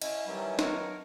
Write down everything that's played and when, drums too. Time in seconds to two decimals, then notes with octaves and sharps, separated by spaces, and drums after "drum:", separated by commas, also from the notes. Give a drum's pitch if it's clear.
0.02 C#4 E4 D#5, drum: cymbal
0.27 D#3 E3 F#3 G3 C#4 E4
0.59 A#4 C#5, drum: snare